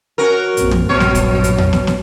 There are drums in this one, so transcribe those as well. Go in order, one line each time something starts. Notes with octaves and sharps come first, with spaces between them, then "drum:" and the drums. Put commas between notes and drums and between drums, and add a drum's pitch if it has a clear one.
C#4 F#4 A#4
A#1 F#2 C4, drum: hi-hat
drum: tom
A#1 G2 B2 F#3 C#5
drum: snare
drum: kick, hi-hat
drum: hi-hat
drum: tom E2
drum: snare
drum: snare